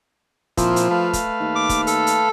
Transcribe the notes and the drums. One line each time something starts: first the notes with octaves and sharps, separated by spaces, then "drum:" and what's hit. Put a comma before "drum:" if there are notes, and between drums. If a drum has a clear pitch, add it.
A#2 F3 C4 E4, drum: kick, hi-hat
drum: hi-hat
A3 B4 F5
drum: kick, hi-hat
D#2
D6
drum: kick, hi-hat
A4, drum: hi-hat
drum: hi-hat